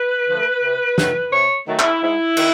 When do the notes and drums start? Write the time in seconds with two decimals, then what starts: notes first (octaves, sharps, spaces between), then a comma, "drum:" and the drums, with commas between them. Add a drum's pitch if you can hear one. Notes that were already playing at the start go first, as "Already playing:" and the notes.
Already playing: B4
0.29 D3 F3 A3
0.63 C3
0.98 D#3 F#3 A3, drum: snare
1.33 C3 C#5
1.67 D#3 F#3 A3
1.79 E4, drum: clap
2.03 G#2 E4
2.37 D#3, drum: cymbal